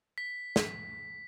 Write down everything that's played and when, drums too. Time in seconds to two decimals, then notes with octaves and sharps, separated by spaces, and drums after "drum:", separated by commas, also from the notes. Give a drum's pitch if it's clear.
0.18 B6
0.56 drum: snare